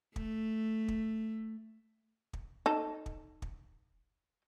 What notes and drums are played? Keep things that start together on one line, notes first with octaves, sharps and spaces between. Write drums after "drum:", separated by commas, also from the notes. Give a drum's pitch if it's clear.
A3, drum: kick
drum: kick
drum: kick
D#4 A4
drum: kick
drum: kick